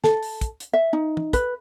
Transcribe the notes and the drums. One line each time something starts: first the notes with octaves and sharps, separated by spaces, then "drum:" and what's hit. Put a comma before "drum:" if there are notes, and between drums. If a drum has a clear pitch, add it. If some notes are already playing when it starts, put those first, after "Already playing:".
A4, drum: snare
drum: open hi-hat
drum: kick, hi-hat
drum: hi-hat
E5
D#4
drum: tom
B4, drum: kick, hi-hat